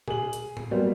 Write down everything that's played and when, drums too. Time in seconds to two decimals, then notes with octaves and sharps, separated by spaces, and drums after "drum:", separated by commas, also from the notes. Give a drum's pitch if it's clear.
0.08 G#4 F#7, drum: tom A#2
0.33 drum: hi-hat
0.57 drum: tom
0.71 F#3 G3 A#3 B3 C5